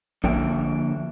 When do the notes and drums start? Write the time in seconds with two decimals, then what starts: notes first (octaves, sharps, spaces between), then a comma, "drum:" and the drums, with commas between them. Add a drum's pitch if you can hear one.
0.24 D3 F3 A#3 E5 G5, drum: kick A#1